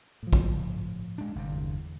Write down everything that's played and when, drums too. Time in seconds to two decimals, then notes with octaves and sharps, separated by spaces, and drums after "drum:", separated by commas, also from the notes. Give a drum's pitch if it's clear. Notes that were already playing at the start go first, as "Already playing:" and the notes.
0.23 A2 F3
0.33 drum: kick
1.18 G#3 D4
1.35 G1 G2 C3
1.51 E2